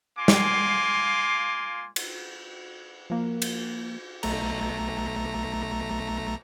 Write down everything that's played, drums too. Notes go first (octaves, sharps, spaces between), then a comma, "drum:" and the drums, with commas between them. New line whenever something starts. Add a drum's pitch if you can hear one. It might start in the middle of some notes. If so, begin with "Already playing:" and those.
A#3 F4 G#5 C6 D6
drum: snare
drum: cymbal
F3 A#3
drum: cymbal
B1 A3 A#5, drum: cymbal